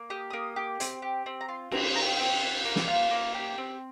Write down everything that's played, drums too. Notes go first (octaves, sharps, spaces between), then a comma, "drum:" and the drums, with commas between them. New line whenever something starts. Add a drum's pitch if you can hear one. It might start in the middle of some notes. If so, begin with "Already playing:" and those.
Already playing: A#3
G4 D#6
A#3 D#6
G4
C4, drum: hi-hat
G4
C4
A#5
F4 C6
C4 A#5, drum: cymbal
F4 A#5
G5
F5
C4 G5
F4
A#3
drum: snare
F4 F5
A#3
G4
C4